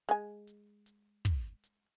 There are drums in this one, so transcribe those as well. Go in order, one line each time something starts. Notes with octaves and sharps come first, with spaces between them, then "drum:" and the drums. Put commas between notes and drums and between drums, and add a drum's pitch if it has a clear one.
G#3 G#5, drum: hi-hat
drum: hi-hat
drum: hi-hat
drum: kick, hi-hat
drum: hi-hat